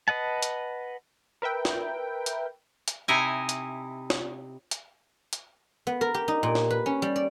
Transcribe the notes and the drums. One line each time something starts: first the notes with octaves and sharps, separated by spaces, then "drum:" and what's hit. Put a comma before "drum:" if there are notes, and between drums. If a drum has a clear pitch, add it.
B4 D#5 F#5 A5
drum: hi-hat
A#4 B4 E5 G5
drum: snare
drum: hi-hat
drum: hi-hat
C3 D#4 E4 D#5 G#5
drum: hi-hat
drum: snare
drum: hi-hat
drum: hi-hat
B3
A#4
G4
D#4
A#2
drum: snare
B4
C#4
G3
D5